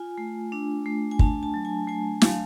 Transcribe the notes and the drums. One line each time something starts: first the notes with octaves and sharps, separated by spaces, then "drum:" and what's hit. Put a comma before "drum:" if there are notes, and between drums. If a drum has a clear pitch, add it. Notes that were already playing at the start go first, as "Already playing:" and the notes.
Already playing: F4 G#5
A3
D4
A3
G#5
D4 A5, drum: kick
A5
F#3
G#5
A3 G#5
F#3 F5, drum: snare